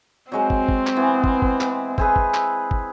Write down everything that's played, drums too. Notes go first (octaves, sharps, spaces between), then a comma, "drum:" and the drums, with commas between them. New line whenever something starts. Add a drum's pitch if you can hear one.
F#3 G#3 C4 C5
drum: kick
drum: kick
drum: clap
E3 B3
drum: kick
drum: kick
drum: clap
C4 G#4 B4, drum: kick
drum: kick
drum: clap
drum: kick